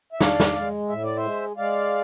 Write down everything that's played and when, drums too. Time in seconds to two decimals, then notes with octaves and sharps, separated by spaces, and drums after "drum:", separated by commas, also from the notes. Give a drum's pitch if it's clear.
0.13 E5
0.21 D4 D5 F5, drum: snare
0.40 drum: snare
0.56 G#3
0.89 A2 E5
1.03 D5
1.16 C5 E5
1.23 G#3
1.57 G#3 D5 F5